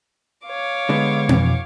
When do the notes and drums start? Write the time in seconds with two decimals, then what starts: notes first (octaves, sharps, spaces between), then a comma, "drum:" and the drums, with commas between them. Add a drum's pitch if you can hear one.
0.46 C#5 F5 D6
0.89 D3 G#3 B3
1.29 F2 B2 E3, drum: tom B3